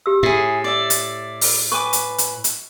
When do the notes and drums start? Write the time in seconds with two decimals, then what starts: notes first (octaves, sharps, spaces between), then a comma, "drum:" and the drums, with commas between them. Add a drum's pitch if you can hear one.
0.06 G4 E6
0.23 A2 E4 G#4
0.64 D5 E5
0.90 drum: hi-hat
1.41 drum: open hi-hat
1.72 B4 G#5 C#6 D6
1.93 drum: hi-hat
2.18 drum: hi-hat
2.44 drum: hi-hat